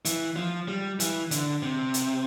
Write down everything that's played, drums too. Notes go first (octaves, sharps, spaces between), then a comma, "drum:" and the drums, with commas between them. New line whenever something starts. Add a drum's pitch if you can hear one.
E3, drum: hi-hat
F3
G3
E3, drum: hi-hat
D3, drum: hi-hat
C3
drum: hi-hat